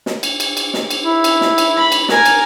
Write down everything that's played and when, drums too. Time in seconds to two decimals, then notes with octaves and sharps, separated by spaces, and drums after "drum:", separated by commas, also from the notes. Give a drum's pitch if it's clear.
0.06 drum: snare
0.23 drum: cymbal
0.40 drum: cymbal
0.57 drum: cymbal
0.74 drum: snare
0.91 drum: cymbal
1.02 E4
1.24 drum: cymbal
1.41 drum: snare
1.58 drum: cymbal
1.77 B5
1.92 drum: cymbal
2.09 A#4 G#5, drum: snare
2.25 drum: cymbal